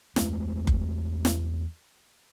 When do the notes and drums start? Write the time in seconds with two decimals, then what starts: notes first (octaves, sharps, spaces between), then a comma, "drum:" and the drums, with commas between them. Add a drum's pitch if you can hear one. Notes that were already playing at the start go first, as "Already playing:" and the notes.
0.16 E2 G#3 A3 C4, drum: snare
0.67 drum: kick F#1
1.25 drum: snare